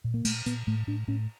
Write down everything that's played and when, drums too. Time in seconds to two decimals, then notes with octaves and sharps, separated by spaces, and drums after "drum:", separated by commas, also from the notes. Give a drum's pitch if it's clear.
0.04 A#2
0.14 A#3
0.25 A#2 A3, drum: cymbal
0.46 A#2 B3, drum: hi-hat
0.67 A2 A3
0.87 A2 D4
1.08 A2 C#4